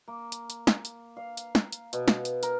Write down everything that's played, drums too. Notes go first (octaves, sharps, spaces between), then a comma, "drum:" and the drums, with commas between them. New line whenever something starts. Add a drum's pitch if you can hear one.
A#3
drum: hi-hat
drum: hi-hat
drum: snare
drum: hi-hat
F5
drum: hi-hat
drum: snare
drum: hi-hat
B2, drum: hi-hat
drum: snare
drum: hi-hat
A#4, drum: hi-hat